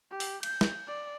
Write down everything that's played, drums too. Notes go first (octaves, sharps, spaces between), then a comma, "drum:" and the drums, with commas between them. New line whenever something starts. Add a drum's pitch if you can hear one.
G4
drum: open hi-hat
G6, drum: cymbal
drum: snare
D5